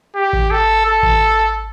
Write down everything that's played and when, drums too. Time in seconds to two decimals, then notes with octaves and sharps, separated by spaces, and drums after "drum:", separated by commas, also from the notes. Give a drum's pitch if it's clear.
0.15 G4
0.33 drum: kick A1
0.51 A4
0.85 A4
1.03 drum: kick A1